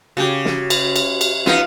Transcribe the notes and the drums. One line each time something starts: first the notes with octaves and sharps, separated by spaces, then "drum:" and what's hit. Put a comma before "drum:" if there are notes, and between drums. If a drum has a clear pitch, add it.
C#3 F#4 G4
drum: snare
drum: cymbal
drum: cymbal
drum: cymbal
B3 D#4 F4 F5, drum: snare